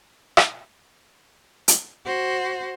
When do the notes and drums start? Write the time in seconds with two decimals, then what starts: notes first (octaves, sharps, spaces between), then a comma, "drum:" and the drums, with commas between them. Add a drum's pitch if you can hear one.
0.37 drum: rim click
1.68 drum: hi-hat
2.05 F#4 C5